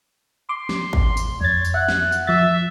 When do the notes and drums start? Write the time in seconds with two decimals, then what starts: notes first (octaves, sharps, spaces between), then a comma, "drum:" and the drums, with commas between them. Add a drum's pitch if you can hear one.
0.49 C6 D6
0.69 drum: snare
0.93 drum: kick
1.17 drum: tambourine
1.41 F2 C#5 A6
1.65 drum: tambourine
1.74 E5 F#5
1.88 drum: snare
2.12 drum: tambourine
2.27 F3 E5 A6